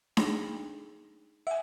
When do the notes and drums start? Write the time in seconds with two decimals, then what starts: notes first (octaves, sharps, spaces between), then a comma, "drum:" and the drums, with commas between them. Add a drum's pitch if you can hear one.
0.17 D#4 G#4, drum: snare D4
1.47 E5 F#5 G#5